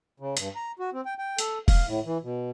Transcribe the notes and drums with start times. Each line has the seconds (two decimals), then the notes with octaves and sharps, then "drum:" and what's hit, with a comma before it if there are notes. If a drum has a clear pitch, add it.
0.20 C#3
0.37 G2, drum: hi-hat
0.56 A#5
0.79 F#4
0.93 C4
1.06 G5
1.19 G5
1.39 A4, drum: hi-hat
1.68 F5, drum: kick E1, open hi-hat
1.87 A2
2.06 E3
2.23 B2